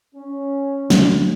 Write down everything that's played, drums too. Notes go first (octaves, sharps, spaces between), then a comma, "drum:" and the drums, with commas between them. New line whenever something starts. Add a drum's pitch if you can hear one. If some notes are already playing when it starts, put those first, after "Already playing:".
C#4
D2, drum: snare